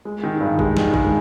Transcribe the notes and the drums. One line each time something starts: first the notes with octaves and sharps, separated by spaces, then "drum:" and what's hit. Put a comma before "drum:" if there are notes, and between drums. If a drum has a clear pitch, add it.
G#3
D#3
G2
G#3, drum: kick G1
D#3, drum: snare
G#3, drum: kick G1